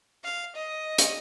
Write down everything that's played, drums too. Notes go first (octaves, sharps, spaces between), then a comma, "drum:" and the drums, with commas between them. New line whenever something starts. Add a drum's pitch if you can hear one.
F5
D#5
drum: hi-hat